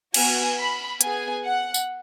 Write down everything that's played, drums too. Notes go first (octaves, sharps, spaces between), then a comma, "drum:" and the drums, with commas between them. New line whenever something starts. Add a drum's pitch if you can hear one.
B3 F#4 G#5, drum: cymbal
B5
B3 G#4 G#5, drum: hi-hat
F#5
drum: tambourine